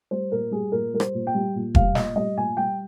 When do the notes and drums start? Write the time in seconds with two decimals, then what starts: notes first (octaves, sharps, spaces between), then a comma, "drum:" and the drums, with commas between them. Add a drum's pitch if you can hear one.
0.11 G3 C5
0.32 A#2 A#4
0.51 G3 G#4
0.72 A#2 A#4
0.94 G3 A#4
1.00 C5, drum: rim click
1.14 A#2
1.27 G5
1.34 G3
1.55 A#2
1.75 G3 F5, drum: kick E1
1.95 A#2 D#5, drum: snare
2.16 G3 D#5
2.36 A#2 G#5
2.57 G3 G5